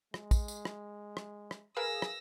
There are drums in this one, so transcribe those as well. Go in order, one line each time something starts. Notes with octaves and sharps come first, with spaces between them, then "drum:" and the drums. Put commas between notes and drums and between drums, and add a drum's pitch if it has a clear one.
G#3, drum: rim click
drum: kick, tambourine
drum: tambourine
drum: rim click
drum: rim click
drum: rim click
G#4 A#4 B4 F5 E6 A#6
drum: rim click